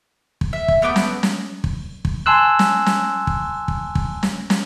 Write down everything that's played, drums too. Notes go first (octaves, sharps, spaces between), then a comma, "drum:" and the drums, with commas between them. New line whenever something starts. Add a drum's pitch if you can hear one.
drum: kick
E5
drum: kick
A3 B3 D6 G6
drum: snare
drum: snare
drum: kick
drum: kick
G#5 A5 C6 E6 F#6
drum: snare
drum: snare
drum: kick
drum: kick
drum: kick
drum: snare
drum: snare